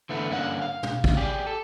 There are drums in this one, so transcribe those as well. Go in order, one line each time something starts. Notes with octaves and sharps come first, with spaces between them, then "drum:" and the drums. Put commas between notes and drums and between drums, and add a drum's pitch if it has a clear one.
D3 E3 A3 B3
G2 D3 A#3 C#4 B4 F#5
F5
drum: tom
drum: kick
G4 G#4 D5
A4